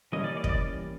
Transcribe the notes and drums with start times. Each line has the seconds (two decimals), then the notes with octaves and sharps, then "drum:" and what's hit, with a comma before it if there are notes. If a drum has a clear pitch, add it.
0.12 E3 G3 A#3 C#4 D#5
0.24 D5
0.37 D5
0.44 D#5, drum: kick
0.49 D5